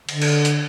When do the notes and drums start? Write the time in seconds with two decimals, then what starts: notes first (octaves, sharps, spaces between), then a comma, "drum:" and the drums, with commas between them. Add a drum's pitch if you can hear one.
0.09 D3, drum: cymbal
0.22 drum: cymbal
0.45 drum: hi-hat